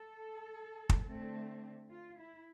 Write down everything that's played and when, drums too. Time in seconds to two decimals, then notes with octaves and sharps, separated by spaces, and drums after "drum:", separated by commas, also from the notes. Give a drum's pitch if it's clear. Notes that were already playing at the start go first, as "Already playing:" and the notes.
Already playing: A4
0.89 drum: kick
1.06 D3 A3 C4
1.90 F4
2.19 E4